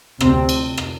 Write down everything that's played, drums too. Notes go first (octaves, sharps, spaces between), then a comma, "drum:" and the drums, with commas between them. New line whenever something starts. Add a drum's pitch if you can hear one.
D2 C3 C4, drum: rim click
drum: cymbal
drum: rim click